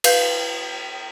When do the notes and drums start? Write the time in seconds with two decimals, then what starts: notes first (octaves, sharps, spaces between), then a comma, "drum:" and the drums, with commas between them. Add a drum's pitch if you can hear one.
0.04 B4 F5 G6, drum: cymbal